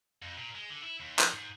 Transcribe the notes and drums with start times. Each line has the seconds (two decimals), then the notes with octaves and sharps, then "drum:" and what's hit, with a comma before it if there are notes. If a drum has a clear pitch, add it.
0.22 F2
0.37 A#2
0.55 G#3
0.70 D3
0.83 E4
1.00 D#2
1.19 F3, drum: clap
1.33 G#2